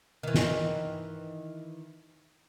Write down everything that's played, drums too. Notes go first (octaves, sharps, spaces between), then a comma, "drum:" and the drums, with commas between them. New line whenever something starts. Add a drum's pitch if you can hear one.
D#3 E3
drum: snare